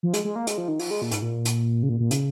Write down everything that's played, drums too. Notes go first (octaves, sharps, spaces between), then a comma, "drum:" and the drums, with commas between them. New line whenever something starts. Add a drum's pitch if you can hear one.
F3
G#3, drum: hi-hat
G#3
A#3
G#3, drum: hi-hat
F3
D#3
F3, drum: open hi-hat
G#3
A#2
G#2, drum: hi-hat
A#2
drum: hi-hat
C#3
A#2
A#2
C#3, drum: hi-hat